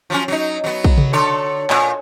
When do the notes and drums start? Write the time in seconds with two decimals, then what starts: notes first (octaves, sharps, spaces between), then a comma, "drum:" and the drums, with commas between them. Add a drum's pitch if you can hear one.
0.10 F3 F#3 C#4
0.28 F#3 D#4
0.64 F#3 B3
0.84 drum: kick
0.98 drum: tom C3
1.13 D3 A4 C#5
1.70 A#2, drum: clap